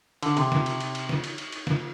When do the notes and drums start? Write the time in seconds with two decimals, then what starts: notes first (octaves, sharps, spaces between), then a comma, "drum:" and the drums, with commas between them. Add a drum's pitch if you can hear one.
0.23 D3, drum: cymbal
0.37 C3, drum: cymbal
0.52 drum: snare
0.66 drum: cymbal
0.80 drum: cymbal
0.95 drum: cymbal
1.09 drum: snare
1.24 drum: cymbal
1.38 drum: cymbal
1.52 drum: cymbal
1.67 drum: snare